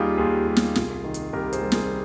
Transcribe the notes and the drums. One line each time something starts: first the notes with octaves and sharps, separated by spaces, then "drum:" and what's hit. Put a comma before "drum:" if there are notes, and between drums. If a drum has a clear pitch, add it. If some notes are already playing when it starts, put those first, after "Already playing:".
Already playing: D#2 G3 D#4 F4 G4 G#4
D#2 F4 G#4
G3
drum: snare
C2, drum: snare
D#3
drum: hi-hat
C2 G4 A#4
G#4 C5, drum: hi-hat
G3
G#4 C5, drum: snare